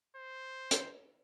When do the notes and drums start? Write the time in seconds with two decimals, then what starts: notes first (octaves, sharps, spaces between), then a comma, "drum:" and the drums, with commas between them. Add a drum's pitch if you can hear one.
0.17 C5
0.71 drum: hi-hat